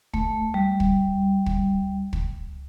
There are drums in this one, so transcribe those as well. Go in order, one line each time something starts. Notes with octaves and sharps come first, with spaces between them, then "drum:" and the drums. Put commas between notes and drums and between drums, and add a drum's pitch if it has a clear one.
A3, drum: kick
G3
drum: kick
drum: kick
drum: kick